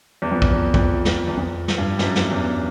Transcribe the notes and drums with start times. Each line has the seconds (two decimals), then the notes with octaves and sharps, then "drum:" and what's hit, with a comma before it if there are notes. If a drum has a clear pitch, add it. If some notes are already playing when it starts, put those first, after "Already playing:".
0.22 E2
0.31 F2
0.42 drum: kick
0.53 E2
0.74 F2, drum: kick
1.05 drum: snare
1.27 E2
1.37 F2
1.68 drum: snare
1.78 G2
1.99 F#2, drum: snare
2.15 drum: snare
2.31 E2